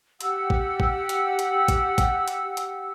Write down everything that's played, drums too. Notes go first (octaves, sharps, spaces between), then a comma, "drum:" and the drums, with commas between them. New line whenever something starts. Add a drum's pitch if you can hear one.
G4 F#5 E6, drum: hi-hat
drum: kick
drum: kick
drum: hi-hat
drum: hi-hat
drum: kick, hi-hat
drum: kick, hi-hat
drum: hi-hat
drum: hi-hat